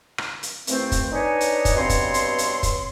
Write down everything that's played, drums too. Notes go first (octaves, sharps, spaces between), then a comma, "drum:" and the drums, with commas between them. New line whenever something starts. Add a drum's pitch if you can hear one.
drum: rim click
drum: hi-hat
D#2 E3 A3 C4, drum: hi-hat
drum: kick, hi-hat
D4 D#4 B4 C#5 D#5 G#5
drum: hi-hat
drum: kick, hi-hat
G2 B2 C4 C#5 C6
drum: kick, hi-hat
drum: hi-hat
drum: hi-hat
drum: kick, hi-hat